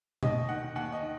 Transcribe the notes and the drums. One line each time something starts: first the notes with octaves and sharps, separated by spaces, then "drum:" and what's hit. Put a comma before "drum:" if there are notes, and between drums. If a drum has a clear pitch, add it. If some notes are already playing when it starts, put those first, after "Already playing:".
D#2 D#5, drum: tom B2
D#3 F#5
D#2 F#5
D#5
D#3